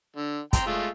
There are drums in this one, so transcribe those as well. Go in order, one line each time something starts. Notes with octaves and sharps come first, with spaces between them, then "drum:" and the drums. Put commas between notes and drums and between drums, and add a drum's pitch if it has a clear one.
D3
G5 A#5 C6, drum: kick, hi-hat
G#3 A3 F4